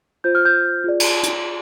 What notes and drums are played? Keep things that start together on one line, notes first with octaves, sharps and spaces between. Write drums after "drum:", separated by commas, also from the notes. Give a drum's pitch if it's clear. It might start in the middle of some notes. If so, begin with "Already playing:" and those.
F4 C5 G6
F6
G6
F4 G#4 D5
drum: cymbal
drum: hi-hat